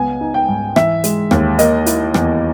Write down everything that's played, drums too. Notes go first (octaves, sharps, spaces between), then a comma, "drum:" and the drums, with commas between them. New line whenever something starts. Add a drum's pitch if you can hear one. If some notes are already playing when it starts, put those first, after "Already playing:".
Already playing: C#2 B3 G#5
D#4
G5
G#2
E3 E5, drum: rim click
G#3, drum: hi-hat
D#2, drum: rim click
A#3 D#5, drum: hi-hat
E4, drum: hi-hat
E2, drum: rim click